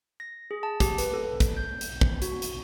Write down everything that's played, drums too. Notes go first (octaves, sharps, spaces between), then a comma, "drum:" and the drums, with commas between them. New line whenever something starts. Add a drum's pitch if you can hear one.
A#6
G#4
A5
G4, drum: kick, hi-hat
B4, drum: hi-hat
A4
drum: kick, hi-hat
G6
drum: hi-hat
drum: kick
F#4, drum: hi-hat
drum: hi-hat